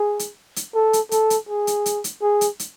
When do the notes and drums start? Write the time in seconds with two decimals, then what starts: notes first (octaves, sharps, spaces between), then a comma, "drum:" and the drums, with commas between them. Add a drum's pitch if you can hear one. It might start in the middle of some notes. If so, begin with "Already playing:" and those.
Already playing: G#4
0.19 drum: hi-hat
0.56 drum: hi-hat
0.75 A4
0.93 drum: hi-hat
1.11 A4, drum: hi-hat
1.30 drum: hi-hat
1.49 G#4
1.67 drum: hi-hat
1.86 drum: hi-hat
2.04 drum: hi-hat
2.22 G#4
2.41 drum: hi-hat
2.59 drum: hi-hat